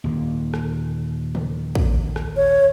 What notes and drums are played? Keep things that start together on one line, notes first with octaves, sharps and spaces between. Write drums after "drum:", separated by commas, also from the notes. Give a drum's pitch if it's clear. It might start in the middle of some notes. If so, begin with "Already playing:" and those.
D#2 A#2 D3
drum: rim click
drum: tom
drum: kick
drum: rim click
C#5